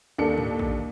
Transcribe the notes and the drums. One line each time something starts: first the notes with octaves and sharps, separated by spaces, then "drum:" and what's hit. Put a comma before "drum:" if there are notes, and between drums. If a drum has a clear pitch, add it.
D#2 D4 A4 C#7
drum: tom G#2
drum: kick